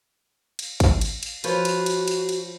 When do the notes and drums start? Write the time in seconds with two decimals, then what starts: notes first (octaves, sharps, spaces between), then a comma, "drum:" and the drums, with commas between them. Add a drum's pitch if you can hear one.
0.59 drum: cymbal
0.80 drum: kick, cymbal
1.01 drum: cymbal
1.23 drum: cymbal
1.44 F3 F#4 B4 C#5, drum: cymbal
1.65 drum: cymbal
1.86 drum: cymbal
2.08 drum: cymbal
2.29 drum: cymbal